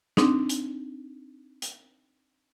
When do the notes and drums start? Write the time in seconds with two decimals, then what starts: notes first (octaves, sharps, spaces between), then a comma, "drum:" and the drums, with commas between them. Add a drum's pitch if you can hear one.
0.17 C4 D4 D#4, drum: snare
0.49 drum: hi-hat
1.62 drum: hi-hat